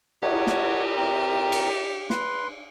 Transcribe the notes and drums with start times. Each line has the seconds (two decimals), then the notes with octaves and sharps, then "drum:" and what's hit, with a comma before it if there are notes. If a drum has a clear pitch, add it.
0.23 G4 C#5 F#5, drum: cymbal
0.47 drum: snare
0.97 C4 A#4
1.52 drum: cymbal
2.10 B4 C6, drum: snare